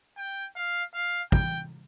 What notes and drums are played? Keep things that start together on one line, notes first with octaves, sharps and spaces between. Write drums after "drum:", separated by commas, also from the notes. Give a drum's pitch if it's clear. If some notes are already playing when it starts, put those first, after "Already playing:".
G5
F5
F5
G5, drum: kick